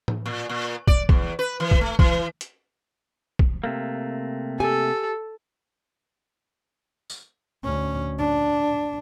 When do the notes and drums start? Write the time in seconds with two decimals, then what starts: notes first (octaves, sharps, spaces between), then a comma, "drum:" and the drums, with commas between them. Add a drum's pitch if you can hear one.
0.08 drum: tom A2
0.26 A#2
0.49 A#2
0.88 D5, drum: kick
1.09 E2, drum: kick
1.39 B4
1.60 E3
1.71 drum: kick
1.81 A3
1.99 E3, drum: kick
2.41 drum: hi-hat
3.39 drum: kick
3.64 C3 A3 A#3
4.60 G4 A4 G#5
7.10 drum: tambourine
7.64 D2 C#4
8.19 D4